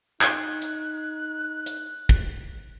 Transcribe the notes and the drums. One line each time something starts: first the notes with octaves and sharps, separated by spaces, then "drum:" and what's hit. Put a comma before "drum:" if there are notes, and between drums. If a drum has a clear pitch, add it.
D#4 F#6 G#6, drum: clap
drum: hi-hat
drum: hi-hat
drum: kick